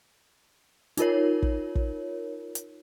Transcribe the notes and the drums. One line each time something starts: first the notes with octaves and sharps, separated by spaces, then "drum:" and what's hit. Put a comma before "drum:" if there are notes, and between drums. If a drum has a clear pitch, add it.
D#4 F4 A#4 C#5, drum: hi-hat
drum: kick
drum: kick
drum: hi-hat